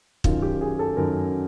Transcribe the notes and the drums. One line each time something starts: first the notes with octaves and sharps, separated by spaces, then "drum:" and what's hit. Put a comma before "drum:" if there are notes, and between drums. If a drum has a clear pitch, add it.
F#2 D#3 F4, drum: kick
G4
G#4
A4
F#2 D#3 A#4